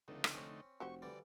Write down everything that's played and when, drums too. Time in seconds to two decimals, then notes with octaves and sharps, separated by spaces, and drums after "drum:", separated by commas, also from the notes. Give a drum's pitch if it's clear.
0.08 F1 C#2 D3 A3 D#4
0.24 drum: rim click
0.34 C4 C#4
0.80 F1 F#4 G4 C5 C#6
1.02 D3 E3 G3 D5